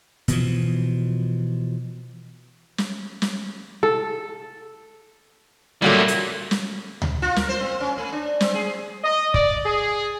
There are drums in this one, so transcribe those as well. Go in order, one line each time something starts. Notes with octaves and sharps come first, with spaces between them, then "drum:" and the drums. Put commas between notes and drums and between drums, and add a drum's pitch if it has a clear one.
B2 E3 F3, drum: hi-hat
drum: snare
drum: snare
A4
A#2 F#3 G3 A3 A#3
drum: hi-hat
drum: snare
drum: tom D2
F4
A#4, drum: snare
C5
C4
C#4
A3
D4
C4, drum: snare
G#4
D#5
D5, drum: kick
G#4